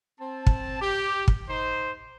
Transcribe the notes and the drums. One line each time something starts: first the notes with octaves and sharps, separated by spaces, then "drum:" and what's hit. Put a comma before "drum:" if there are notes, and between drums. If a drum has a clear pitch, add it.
C4 A5
drum: kick
G4
drum: kick
D#4 C5